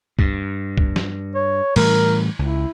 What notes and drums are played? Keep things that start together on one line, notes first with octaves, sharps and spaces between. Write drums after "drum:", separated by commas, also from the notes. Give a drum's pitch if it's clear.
G2, drum: kick
drum: kick
drum: snare
C#5
A2 E3 G3 A#4, drum: cymbal
C#2 E4